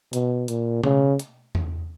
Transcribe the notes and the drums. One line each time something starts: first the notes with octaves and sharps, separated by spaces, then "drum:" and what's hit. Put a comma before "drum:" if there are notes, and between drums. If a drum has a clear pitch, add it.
B2, drum: hi-hat
A#2, drum: hi-hat
C#3, drum: tom B2
drum: hi-hat
drum: tom E2